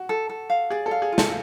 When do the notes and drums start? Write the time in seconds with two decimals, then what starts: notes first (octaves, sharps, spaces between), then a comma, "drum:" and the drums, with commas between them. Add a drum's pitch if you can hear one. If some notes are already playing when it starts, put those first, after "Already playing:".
Already playing: F#4
0.09 A4
0.29 A4
0.50 F5
0.70 G#4 D5
0.86 A4
0.91 F5
1.02 G#4
1.12 F4
1.18 A4, drum: snare